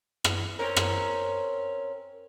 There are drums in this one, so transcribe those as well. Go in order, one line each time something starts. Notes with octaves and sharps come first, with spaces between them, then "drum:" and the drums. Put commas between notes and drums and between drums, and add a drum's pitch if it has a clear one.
drum: rim click
C4 C#4 A#4
drum: rim click